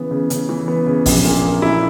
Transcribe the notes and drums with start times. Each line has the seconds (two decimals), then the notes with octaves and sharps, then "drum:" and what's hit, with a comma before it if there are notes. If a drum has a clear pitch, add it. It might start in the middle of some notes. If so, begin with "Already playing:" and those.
Already playing: C#3 E3 B3
0.11 C#3
0.30 C#3, drum: hi-hat
0.49 E3
0.68 B3
0.86 C#3
1.06 A#1, drum: kick, open hi-hat
1.25 A#2
1.44 A#3
1.62 E4